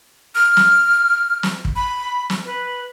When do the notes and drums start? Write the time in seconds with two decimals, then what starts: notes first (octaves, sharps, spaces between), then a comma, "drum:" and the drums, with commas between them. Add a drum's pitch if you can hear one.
0.35 F6
0.57 drum: snare
1.43 drum: snare
1.65 drum: kick
1.76 B5
2.30 drum: snare
2.45 B4